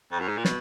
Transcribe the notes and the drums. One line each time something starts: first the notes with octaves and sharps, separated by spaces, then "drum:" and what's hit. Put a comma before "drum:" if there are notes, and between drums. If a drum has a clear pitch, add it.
F2
F#2
G#2
A#2
B2, drum: snare